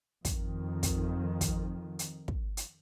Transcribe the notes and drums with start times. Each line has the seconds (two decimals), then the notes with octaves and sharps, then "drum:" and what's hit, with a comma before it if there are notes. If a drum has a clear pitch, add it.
0.25 F2 D#3, drum: kick, hi-hat
0.83 drum: kick, hi-hat
1.41 drum: kick, hi-hat
1.99 drum: hi-hat
2.28 drum: kick
2.57 drum: hi-hat